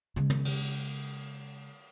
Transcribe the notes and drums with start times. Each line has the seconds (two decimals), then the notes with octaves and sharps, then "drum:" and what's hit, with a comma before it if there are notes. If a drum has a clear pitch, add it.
0.16 C#3 G#3
0.30 drum: tom
0.45 drum: cymbal